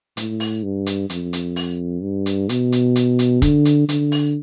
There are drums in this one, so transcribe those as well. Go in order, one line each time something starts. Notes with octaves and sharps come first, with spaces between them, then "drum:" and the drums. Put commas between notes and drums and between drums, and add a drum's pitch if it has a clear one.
A2, drum: hi-hat
drum: open hi-hat
G2
drum: hi-hat
F2, drum: hi-hat
drum: hi-hat
drum: open hi-hat
G2
drum: hi-hat
B2, drum: hi-hat
drum: hi-hat
drum: hi-hat
drum: hi-hat
D3, drum: kick, hi-hat
drum: hi-hat
D3, drum: hi-hat
drum: open hi-hat